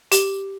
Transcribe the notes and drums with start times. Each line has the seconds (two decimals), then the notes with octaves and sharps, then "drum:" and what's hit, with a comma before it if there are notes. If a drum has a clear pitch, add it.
0.12 G4, drum: hi-hat